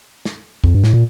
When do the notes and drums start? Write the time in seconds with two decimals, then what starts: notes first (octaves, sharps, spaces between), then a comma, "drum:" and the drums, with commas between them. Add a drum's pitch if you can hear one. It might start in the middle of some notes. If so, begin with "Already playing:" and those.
0.25 drum: snare
0.64 F2, drum: kick
0.75 G2
0.84 A2, drum: snare
0.93 A#2